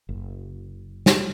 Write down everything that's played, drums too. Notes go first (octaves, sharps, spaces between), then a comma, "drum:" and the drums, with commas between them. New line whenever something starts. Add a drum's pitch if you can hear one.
F#1
drum: snare